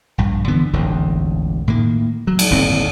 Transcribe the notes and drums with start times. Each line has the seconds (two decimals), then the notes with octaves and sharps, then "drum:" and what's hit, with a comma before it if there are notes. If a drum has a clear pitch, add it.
0.18 A#1 G2
0.48 D3 E3 B3
0.73 E1 A1 D#2 D3
1.68 A2 D#3 A#3
2.27 F#3
2.39 drum: cymbal
2.51 G1 D#2 A2 C4